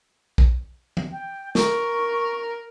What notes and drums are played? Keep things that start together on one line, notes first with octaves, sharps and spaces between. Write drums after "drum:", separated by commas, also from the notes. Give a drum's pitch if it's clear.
drum: kick
drum: tom
G5
A#4 C#6, drum: snare